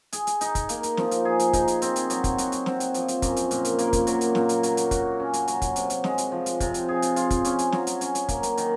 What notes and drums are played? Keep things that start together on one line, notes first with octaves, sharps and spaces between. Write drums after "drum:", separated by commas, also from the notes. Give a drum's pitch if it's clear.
G#4, drum: hi-hat
drum: hi-hat
D#4, drum: hi-hat
drum: kick, hi-hat
A#3, drum: hi-hat
drum: hi-hat
F3, drum: snare
drum: hi-hat
G#4
drum: hi-hat
D#4, drum: kick, hi-hat
drum: hi-hat
C4, drum: hi-hat
drum: hi-hat
F#3, drum: hi-hat
drum: kick, hi-hat
F#4, drum: hi-hat
drum: hi-hat
C4, drum: snare
drum: hi-hat
F3, drum: hi-hat
drum: hi-hat
F#2, drum: kick, hi-hat
drum: hi-hat
A#2, drum: hi-hat
drum: hi-hat
A#3, drum: hi-hat
drum: kick, hi-hat
F#3, drum: hi-hat
drum: hi-hat
A#2, drum: snare
drum: hi-hat
F#3, drum: hi-hat
drum: hi-hat
F#4, drum: kick, hi-hat
C#4
drum: hi-hat
F#3, drum: hi-hat
drum: kick, hi-hat
C3, drum: hi-hat
drum: hi-hat
G#3, drum: snare
drum: hi-hat
F3
drum: hi-hat
C3, drum: kick, hi-hat
drum: hi-hat
G#4
drum: hi-hat
F4, drum: hi-hat
drum: kick, hi-hat
C#4, drum: hi-hat
drum: hi-hat
F#3, drum: snare
drum: hi-hat
C#4, drum: hi-hat
drum: hi-hat
A#3, drum: kick, hi-hat
drum: hi-hat
D#3, drum: hi-hat